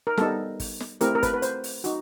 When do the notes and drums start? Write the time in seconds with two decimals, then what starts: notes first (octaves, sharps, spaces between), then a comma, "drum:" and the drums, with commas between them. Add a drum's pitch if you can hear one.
0.07 A#4
0.17 G3 B3 D#4 A4, drum: snare
0.60 drum: kick, open hi-hat
0.80 drum: snare
1.01 A3 C4 E4 G4 A#4, drum: hi-hat
1.15 A#4
1.23 B4, drum: kick, hi-hat
1.34 B4
1.42 C5, drum: hi-hat
1.64 drum: open hi-hat
1.84 D#4 F#4, drum: hi-hat